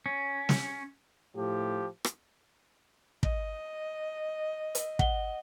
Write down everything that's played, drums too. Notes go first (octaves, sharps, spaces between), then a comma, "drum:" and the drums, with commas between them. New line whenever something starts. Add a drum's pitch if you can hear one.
C#4
drum: snare
A2 F3 G4
drum: rim click
D#5, drum: kick
drum: hi-hat
F#5 G7, drum: kick